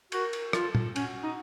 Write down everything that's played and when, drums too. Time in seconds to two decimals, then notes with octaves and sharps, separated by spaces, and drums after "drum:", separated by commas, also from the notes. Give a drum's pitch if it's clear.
0.12 F#4 A#4, drum: cymbal
0.33 drum: cymbal
0.53 F4 A4, drum: rim click
0.75 drum: tom
0.96 C#4 F#4, drum: cymbal
1.23 D#4